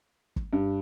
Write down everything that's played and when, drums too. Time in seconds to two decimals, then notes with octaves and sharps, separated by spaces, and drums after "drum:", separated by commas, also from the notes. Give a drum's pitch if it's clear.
0.36 drum: kick
0.53 G2